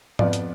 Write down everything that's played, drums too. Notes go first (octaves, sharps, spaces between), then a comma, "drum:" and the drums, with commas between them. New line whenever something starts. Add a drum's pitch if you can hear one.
F2 F3 B3 D5, drum: tom G#2
drum: hi-hat